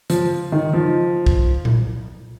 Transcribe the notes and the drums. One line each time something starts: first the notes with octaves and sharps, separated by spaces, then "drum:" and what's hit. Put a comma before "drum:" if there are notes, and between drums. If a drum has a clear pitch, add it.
F3, drum: hi-hat
D#3
F3
drum: kick
drum: tom A#2